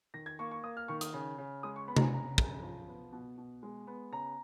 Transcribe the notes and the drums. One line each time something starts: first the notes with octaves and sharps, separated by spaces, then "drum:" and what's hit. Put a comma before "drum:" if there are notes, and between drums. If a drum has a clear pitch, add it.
D#3 A#6
G#6
A#3 C#6
C#6
A#3 D#6
F6
D#3 C#6
D#6, drum: hi-hat
C#3
C#3
G#3 D#6
C#6
B3 B5
A#5, drum: tom C3
G#5
C#3 A#5
C#3, drum: kick
F3
B3
B2
B2
G#3
B3
C#3 A#5